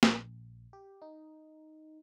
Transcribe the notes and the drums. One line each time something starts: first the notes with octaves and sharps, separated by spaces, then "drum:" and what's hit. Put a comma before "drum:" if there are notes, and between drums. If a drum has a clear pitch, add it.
A#1, drum: snare
G4
D#4